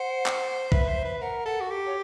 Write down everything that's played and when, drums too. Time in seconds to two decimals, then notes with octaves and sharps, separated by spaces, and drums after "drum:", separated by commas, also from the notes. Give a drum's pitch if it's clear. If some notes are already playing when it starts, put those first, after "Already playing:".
Already playing: C5 F#5
0.26 drum: clap
0.72 B4 E5, drum: kick
0.88 C5
1.05 B4
1.21 A#4 F#5
1.46 A4 F#5
1.60 F#4
1.70 G4
1.86 C#5